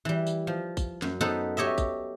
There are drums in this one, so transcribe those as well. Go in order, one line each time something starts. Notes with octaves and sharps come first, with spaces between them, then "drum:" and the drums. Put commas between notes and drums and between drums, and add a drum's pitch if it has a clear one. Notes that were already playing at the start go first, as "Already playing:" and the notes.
E3 G3
drum: tambourine
F3
drum: kick, tambourine
F#2, drum: snare
B3 D#4 A4 B4 C5
G4 C#5 D#5 E5
drum: kick, tambourine